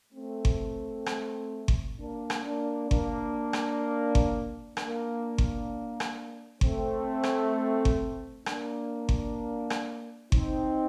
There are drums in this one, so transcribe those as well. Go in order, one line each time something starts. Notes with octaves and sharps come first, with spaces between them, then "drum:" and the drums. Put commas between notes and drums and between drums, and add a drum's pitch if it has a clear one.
A3 C4
drum: kick G1
drum: rim click
drum: kick G1
A#3 D4
drum: rim click
A#3 D4
A#3 D4, drum: kick G1
drum: rim click
drum: kick G1
A#3 D4, drum: rim click
drum: kick G1
drum: rim click
A3 C4, drum: kick G1
drum: rim click
drum: kick G1
A#3 D4, drum: rim click
drum: kick G1
drum: rim click
C4 D#4, drum: kick G1